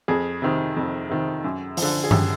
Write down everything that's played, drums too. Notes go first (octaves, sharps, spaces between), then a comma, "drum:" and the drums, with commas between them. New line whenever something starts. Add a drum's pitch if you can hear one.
F2 G#4
C3 D#3
F2
C3 D#3
F#2
F3, drum: open hi-hat
D3
G#4
F#2 G4, drum: tom G2